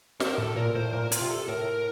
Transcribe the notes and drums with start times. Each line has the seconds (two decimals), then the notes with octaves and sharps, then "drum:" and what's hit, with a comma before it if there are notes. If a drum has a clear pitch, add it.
0.20 C5, drum: snare
0.29 A#4
0.38 A2 A4
0.56 A#2 A#4
0.75 A2 C5
0.93 A#2 A#4
1.12 F4, drum: hi-hat
1.21 C3
1.30 A4
1.48 A2 A#4